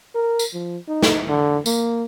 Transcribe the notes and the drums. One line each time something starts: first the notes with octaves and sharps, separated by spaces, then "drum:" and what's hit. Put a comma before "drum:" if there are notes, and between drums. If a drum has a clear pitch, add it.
A#4
drum: tambourine
F3
D#4
drum: snare
D3
A#3, drum: tambourine